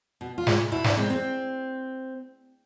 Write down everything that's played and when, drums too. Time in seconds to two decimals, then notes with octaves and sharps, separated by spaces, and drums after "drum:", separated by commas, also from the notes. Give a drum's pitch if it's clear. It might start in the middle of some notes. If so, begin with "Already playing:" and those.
0.21 B2
0.38 F4
0.47 G#3, drum: snare
0.72 B2 E4
0.84 D4, drum: snare
0.97 G#3 C4
1.10 C4